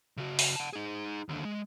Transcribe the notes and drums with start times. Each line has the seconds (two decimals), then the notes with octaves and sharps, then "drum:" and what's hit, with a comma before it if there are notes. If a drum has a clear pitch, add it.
0.17 C#3 F#4
0.39 drum: open hi-hat
0.56 F#5 A5
0.73 D#4 G#4
1.29 D#2 D3
1.45 G#3